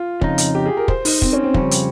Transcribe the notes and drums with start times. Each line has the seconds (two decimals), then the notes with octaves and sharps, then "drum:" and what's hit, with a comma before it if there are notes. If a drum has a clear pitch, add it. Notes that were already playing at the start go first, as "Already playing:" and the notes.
Already playing: F4
0.21 F2 C#3 D#4, drum: kick
0.38 drum: hi-hat
0.55 G4
0.66 G#4
0.77 A#4
0.88 C5, drum: kick
1.05 D#4, drum: open hi-hat
1.22 C4, drum: kick
1.33 C#4
1.44 C4
1.54 F2 C#3 G3 C#4, drum: kick
1.71 drum: hi-hat